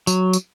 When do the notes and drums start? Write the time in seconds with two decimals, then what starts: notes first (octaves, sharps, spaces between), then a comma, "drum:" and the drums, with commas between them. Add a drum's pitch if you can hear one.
0.07 F#3, drum: tambourine
0.33 drum: tambourine